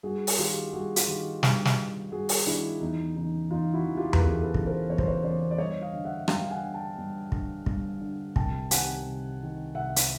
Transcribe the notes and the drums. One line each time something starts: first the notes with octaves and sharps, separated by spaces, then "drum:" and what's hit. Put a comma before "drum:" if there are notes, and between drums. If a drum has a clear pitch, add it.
G2 F#4 G#4
drum: open hi-hat
D#3 F4 G4
G2 F#4 G#4
F4 G4, drum: hi-hat
D#3
G2, drum: snare
drum: snare
D#3
G2 F#4 G#4
drum: open hi-hat
D#3 D4 E4
E2 D#4
C#3 E3 D#4
E2 D#4 F4
E4 F#4
C#3 E3
F4 G4
B4, drum: tom E2
E2 G#4 A#4
A4 B4
C#3 E3, drum: kick
A#4 C5
E2 C#5
C5, drum: kick
B4 C#5
C#3 E3 C5 D5
D5
G2 C#5 D#5
D#5 F5
D3
E5 F#5
G2 F5 G5, drum: rim click
F#5 G#5
D3
G5 A5
G2
D3, drum: kick
G2, drum: kick
D3
C2 G5 A5, drum: kick
C3 D#3 F#5 G#5, drum: hi-hat
C2
C3 D#3
C2 E5 F#5
drum: hi-hat